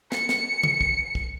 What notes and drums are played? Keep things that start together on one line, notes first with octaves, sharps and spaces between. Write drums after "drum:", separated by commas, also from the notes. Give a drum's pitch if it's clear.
C#7, drum: snare
drum: snare
drum: tom C#3
drum: kick
drum: kick